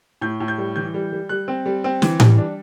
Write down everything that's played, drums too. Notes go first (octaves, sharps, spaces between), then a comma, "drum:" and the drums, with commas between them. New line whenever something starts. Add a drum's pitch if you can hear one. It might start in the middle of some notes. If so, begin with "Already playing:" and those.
A2 G6
A2
G6
G3
E3 G6
G3
G3
G3 F#6
C4
G3
C4
E3, drum: snare
G3, drum: tom A2
D4